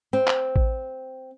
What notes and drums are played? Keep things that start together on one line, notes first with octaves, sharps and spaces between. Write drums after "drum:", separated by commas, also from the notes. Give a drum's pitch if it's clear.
C4
drum: clap
drum: kick A1